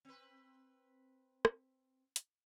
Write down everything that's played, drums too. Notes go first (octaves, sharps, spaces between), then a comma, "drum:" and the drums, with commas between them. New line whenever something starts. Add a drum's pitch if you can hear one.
C4 B4
drum: rim click
drum: hi-hat